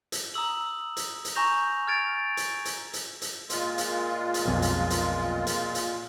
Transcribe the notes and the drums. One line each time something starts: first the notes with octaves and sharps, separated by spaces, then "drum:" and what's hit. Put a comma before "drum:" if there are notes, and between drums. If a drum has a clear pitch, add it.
drum: hi-hat
A#5 D#6 E6 F#7
drum: hi-hat
drum: hi-hat
G#5 A#5 C#6 G6 A#6 F7
F6 G#6 A6 D7 F7
drum: hi-hat
drum: hi-hat
drum: hi-hat
drum: hi-hat
A#2 G#3 F4, drum: hi-hat
drum: hi-hat
drum: hi-hat
B1 F2 G#5
drum: hi-hat
drum: hi-hat
drum: hi-hat
drum: hi-hat